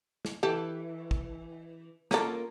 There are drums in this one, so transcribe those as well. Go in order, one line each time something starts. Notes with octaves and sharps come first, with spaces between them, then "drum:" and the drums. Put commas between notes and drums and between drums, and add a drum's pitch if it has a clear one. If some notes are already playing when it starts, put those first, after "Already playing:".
drum: snare
E3 G4 A4
drum: kick
A#3 C#4 F4 A4 A#4, drum: snare